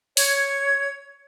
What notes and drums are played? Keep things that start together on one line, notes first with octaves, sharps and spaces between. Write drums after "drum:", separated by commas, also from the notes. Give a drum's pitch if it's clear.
C#5 G#6, drum: open hi-hat